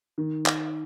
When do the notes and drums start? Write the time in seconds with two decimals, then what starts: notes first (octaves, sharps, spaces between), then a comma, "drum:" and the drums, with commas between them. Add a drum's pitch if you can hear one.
0.18 D#3
0.46 drum: clap